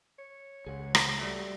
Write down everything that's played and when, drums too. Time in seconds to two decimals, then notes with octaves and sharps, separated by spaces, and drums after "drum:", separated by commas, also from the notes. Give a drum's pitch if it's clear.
0.19 C#5
0.67 C#2 G#4 F#5
0.95 B3, drum: rim click
1.19 G3 A3 F#4